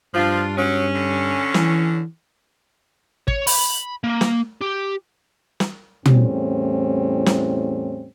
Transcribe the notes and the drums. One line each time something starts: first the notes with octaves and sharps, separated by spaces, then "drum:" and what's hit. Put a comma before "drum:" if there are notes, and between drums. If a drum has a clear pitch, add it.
G2 F3 D4 F4
F#3 C#4
D3
E3, drum: snare
C#5, drum: kick
B5, drum: open hi-hat
A#3
drum: snare
G4
drum: snare
E2 A2 G3 A3 C4 C#4, drum: tom
drum: snare